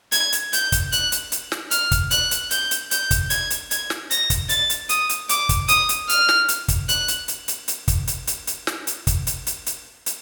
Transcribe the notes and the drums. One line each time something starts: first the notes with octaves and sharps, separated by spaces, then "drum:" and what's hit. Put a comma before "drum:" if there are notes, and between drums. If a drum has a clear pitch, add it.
G#6, drum: hi-hat
drum: hi-hat
G6, drum: hi-hat
drum: kick, hi-hat
F#6, drum: hi-hat
drum: hi-hat
drum: hi-hat
drum: snare
F6, drum: hi-hat
drum: kick, hi-hat
F#6, drum: hi-hat
drum: hi-hat
G6, drum: hi-hat
drum: hi-hat
G6, drum: hi-hat
drum: kick, hi-hat
G#6, drum: hi-hat
drum: hi-hat
G#6, drum: hi-hat
drum: snare
A#6, drum: hi-hat
drum: kick, hi-hat
A6, drum: hi-hat
drum: hi-hat
D#6, drum: hi-hat
drum: hi-hat
D6, drum: hi-hat
drum: kick, hi-hat
D#6, drum: hi-hat
drum: hi-hat
F6, drum: hi-hat
drum: snare
drum: hi-hat
drum: kick, hi-hat
F#6, drum: hi-hat
drum: hi-hat
drum: hi-hat
drum: hi-hat
drum: hi-hat
drum: kick, hi-hat
drum: hi-hat
drum: hi-hat
drum: hi-hat
drum: snare
drum: hi-hat
drum: kick, hi-hat
drum: hi-hat
drum: hi-hat
drum: hi-hat
drum: hi-hat